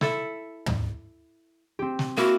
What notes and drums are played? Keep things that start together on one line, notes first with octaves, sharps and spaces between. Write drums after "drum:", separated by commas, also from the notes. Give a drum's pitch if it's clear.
E4 A4 E5, drum: snare
drum: tom
C4 G4
drum: snare
A#3 E4 F#4